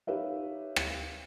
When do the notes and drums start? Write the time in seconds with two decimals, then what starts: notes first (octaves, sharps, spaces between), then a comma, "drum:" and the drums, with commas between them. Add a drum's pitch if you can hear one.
0.07 D#4 G4 B4 C#5 E5 F5
0.76 drum: rim click